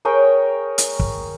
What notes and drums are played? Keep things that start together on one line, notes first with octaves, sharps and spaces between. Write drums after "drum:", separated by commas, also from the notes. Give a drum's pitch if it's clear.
G#4 A#4 C#5 G5
drum: hi-hat
drum: kick